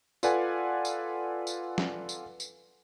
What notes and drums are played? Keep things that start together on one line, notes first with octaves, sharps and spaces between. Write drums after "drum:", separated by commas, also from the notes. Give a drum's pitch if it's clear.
F4 A4 B4 D5 F#5 G#5, drum: tambourine
drum: tambourine
drum: tambourine
drum: snare
drum: tambourine
drum: tambourine